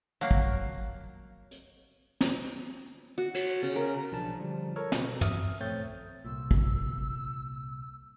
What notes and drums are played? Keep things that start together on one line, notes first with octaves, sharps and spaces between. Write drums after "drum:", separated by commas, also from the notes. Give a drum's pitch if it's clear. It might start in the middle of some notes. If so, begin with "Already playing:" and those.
F#3 A#3
drum: kick
drum: hi-hat
drum: snare
F#4
C#5, drum: cymbal
C#3
A#4
B1 F3 D4 A5
D3 F3 G3
A4 A#4 C#5
B2 A#5, drum: snare
E5 D#6 F6, drum: tom
A#1 A3 C4 C#5 G6 A6
C2 A#2 E6
drum: kick